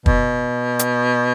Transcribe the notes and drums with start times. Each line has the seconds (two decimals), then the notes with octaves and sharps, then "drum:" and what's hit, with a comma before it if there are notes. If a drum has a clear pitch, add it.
0.06 B2, drum: kick
0.79 drum: hi-hat